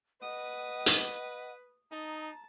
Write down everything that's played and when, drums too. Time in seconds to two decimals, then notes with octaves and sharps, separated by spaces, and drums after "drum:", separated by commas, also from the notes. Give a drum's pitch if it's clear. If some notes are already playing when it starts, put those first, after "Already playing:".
0.22 B4 D#5 F#5 D#6
0.86 drum: hi-hat
1.92 D#4 A5 A#5 D#6